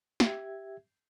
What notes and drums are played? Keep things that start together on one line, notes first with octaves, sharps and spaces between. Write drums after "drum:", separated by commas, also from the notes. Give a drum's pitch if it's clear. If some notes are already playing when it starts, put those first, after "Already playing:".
G4 E5 G#6, drum: snare